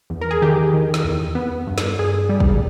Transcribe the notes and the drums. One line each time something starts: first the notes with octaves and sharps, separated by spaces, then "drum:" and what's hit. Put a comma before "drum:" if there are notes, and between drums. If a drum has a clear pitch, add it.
E2
A#4
G#4
D#3 G4
D#3
drum: snare
E2
B3
G2
drum: snare
G2 G#4
G3
drum: kick